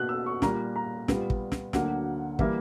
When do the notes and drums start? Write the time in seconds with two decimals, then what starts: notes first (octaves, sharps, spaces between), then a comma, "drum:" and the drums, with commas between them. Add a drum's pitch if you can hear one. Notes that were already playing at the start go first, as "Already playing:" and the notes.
Already playing: B2 A#3 F#6
0.09 E6
0.26 C#6
0.42 A#2 G3 A#3 A#5, drum: snare
0.76 A#5
1.08 A#2 G3 B3, drum: snare
1.30 drum: kick
1.52 drum: snare
1.73 D2 D3 F#3 A#3 F#5, drum: snare
2.39 E3 G3 A#3 E5, drum: kick